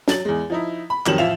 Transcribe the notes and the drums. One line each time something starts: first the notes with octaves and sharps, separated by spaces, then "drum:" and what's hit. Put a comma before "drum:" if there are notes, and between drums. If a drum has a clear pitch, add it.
F#3 A6 F#7, drum: snare
E2 G#3
F3 D#4 E4
B5
F2 D#3 F#3 G3 E7 F#7, drum: clap
A1 F3 E5 F5 E7 F7